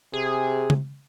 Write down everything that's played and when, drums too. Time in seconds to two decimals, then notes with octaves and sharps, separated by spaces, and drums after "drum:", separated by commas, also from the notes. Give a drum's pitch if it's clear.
0.14 C3 G#4
0.70 drum: tom